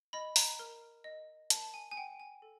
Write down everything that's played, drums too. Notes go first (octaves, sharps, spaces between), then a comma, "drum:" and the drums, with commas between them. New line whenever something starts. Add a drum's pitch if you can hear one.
D#5 B5
A#5, drum: open hi-hat
A#4
D#5
A#4 A5, drum: hi-hat
G#5
G#5
F#5 G5
G#5
A4